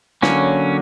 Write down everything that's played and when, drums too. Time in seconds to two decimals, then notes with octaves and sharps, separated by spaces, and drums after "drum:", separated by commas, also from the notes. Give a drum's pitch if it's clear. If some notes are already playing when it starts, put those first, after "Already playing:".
0.22 D3 F#3 A#3 C#4, drum: snare